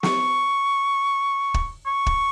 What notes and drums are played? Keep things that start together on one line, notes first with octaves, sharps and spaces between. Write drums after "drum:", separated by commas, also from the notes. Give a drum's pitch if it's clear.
C#6, drum: snare
drum: kick
C#6
drum: kick